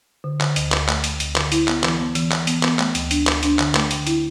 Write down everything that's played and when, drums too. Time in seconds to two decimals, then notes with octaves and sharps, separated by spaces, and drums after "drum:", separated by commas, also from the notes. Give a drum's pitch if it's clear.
0.24 D3
0.40 D3, drum: clap
0.56 D2, drum: hi-hat
0.72 D2, drum: clap
0.88 A3, drum: clap
1.04 A3, drum: hi-hat
1.20 D2, drum: hi-hat
1.36 D3, drum: clap
1.52 E4, drum: hi-hat
1.68 B3, drum: clap
1.84 E3, drum: clap
2.00 B3
2.15 E3, drum: hi-hat
2.31 E3, drum: clap
2.47 B3, drum: hi-hat
2.63 B3, drum: clap
2.79 A3, drum: clap
2.95 D2, drum: hi-hat
3.11 D4, drum: hi-hat
3.27 D2, drum: clap
3.43 D4, drum: hi-hat
3.59 D3, drum: clap
3.75 A3, drum: clap
3.91 D3, drum: hi-hat
4.07 E4, drum: hi-hat